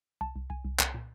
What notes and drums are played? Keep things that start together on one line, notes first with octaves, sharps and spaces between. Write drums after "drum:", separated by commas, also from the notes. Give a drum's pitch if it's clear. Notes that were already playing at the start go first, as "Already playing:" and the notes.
C2 A5
C2
C2 G#5
C2
C2, drum: clap
A#2